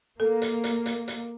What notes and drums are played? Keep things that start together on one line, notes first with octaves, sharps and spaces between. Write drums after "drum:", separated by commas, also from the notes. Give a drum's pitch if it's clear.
A#3 A4
drum: hi-hat
drum: hi-hat
drum: hi-hat
drum: hi-hat